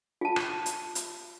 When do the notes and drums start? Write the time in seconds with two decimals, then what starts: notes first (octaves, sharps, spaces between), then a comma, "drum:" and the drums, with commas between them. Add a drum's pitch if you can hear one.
0.21 F4 A5
0.36 drum: rim click
0.66 drum: hi-hat
0.95 drum: hi-hat